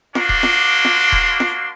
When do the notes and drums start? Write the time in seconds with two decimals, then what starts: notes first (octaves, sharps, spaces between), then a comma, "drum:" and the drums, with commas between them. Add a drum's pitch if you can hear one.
0.15 A#3 D4 F#4 C6, drum: snare F4
0.29 drum: kick D#1
0.43 drum: snare F4
0.85 drum: snare F4
1.12 drum: kick D#1
1.40 drum: snare F4